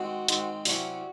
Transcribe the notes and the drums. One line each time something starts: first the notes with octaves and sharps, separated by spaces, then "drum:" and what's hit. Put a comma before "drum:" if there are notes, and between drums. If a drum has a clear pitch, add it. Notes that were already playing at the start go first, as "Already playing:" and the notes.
Already playing: D#3 G#3 C4 F#4
G#2 D#3 G#3 C4, drum: hi-hat
C2 C3 F#3 C#4 E4 F#4, drum: open hi-hat